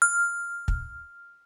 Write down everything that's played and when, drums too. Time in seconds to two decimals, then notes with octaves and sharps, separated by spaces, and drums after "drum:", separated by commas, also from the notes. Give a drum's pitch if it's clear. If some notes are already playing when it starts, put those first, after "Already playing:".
0.02 F6
0.68 drum: kick